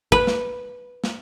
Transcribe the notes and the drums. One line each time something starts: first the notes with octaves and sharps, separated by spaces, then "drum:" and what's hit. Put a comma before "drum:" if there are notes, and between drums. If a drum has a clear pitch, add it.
B4, drum: kick
drum: snare
drum: snare